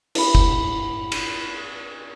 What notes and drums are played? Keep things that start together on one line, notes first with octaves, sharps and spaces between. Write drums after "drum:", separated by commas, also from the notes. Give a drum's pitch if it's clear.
E4 B5, drum: cymbal
drum: kick F#1
drum: cymbal